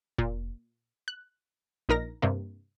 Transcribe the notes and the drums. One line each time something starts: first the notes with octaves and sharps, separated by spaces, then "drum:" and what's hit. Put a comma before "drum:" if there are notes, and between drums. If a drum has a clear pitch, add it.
A#2, drum: kick F1
F#6
A#1 D#4 A#4 A#6
G2 C3 A#3